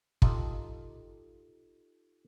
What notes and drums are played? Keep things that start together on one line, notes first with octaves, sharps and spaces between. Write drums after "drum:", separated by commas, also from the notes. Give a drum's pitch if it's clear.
D#4 F4 G4 A4, drum: kick